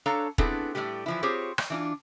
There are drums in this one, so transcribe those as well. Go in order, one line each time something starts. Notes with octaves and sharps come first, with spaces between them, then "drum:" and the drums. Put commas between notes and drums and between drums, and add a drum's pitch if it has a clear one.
D4 A4 C#5 F5 A5 A#5
B3 C4 D4 E4 G#4 A4, drum: kick E1
A2 E3 G3 A3 G4
E3 F3 E4
C4 F4 G4 G#4 C5 C#5
drum: rim click
E3 D4 F4